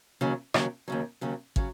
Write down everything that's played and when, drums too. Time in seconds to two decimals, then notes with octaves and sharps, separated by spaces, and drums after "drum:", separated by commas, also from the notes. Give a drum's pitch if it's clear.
0.21 D#2 C#3 F#3
0.54 D#2 C#3 F#3, drum: rim click
0.88 D#2 C#3 F#3
1.21 D#2 C#3 F#3
1.56 C#3 F#3, drum: kick